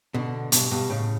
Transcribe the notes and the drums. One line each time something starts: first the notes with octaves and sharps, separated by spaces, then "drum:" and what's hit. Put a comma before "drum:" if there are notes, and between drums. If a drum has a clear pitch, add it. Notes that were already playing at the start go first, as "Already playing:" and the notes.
B2 D3
G2 B2, drum: hi-hat
G2 B2
A2 C#3